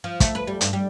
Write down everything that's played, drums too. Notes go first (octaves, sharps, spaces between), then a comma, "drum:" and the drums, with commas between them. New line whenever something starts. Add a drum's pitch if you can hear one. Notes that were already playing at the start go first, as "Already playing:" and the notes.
F3
A3, drum: kick, hi-hat
B4
G3
G2, drum: hi-hat
G3